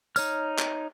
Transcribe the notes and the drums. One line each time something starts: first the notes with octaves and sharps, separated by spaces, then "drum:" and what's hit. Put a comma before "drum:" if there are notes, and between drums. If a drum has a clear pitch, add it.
D#4 C#5 F6, drum: tambourine
drum: clap